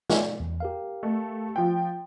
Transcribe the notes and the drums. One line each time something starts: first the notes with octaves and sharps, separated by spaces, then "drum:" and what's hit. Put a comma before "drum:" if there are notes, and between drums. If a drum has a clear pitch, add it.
D5 F5, drum: snare
E2
G4 A#4 F5
A3
F3 G5